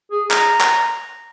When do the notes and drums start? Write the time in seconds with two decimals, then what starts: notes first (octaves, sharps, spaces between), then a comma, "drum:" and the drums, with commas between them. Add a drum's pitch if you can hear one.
0.11 G#4
0.31 A#5, drum: clap
0.61 drum: clap